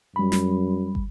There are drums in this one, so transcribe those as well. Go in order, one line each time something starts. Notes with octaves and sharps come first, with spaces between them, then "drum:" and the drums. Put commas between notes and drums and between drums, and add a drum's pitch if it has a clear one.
F#2 G3 B5
drum: snare
drum: kick